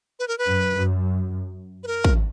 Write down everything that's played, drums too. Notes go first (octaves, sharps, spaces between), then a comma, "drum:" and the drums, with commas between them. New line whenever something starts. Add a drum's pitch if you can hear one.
B4
A#4
B4
F#2
F#2
B4
A#4
drum: kick